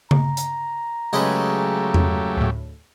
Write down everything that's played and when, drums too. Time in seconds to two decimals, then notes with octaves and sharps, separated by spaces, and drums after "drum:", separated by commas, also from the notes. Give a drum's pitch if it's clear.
0.11 A#5, drum: tom C#3
0.37 drum: hi-hat
1.13 C#3 F#3 G#3 A3 G4 B4 D#5
1.94 drum: tom E2
2.37 D2 A2